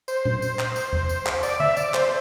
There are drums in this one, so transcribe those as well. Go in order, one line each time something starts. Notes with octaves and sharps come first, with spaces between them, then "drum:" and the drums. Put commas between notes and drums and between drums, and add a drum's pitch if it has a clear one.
C5, drum: tambourine
drum: tom A#2
drum: tambourine
drum: clap
drum: tambourine
drum: tom E2
drum: tambourine
drum: clap
D5, drum: tambourine
E5, drum: tom D3
D5, drum: tambourine
C5, drum: clap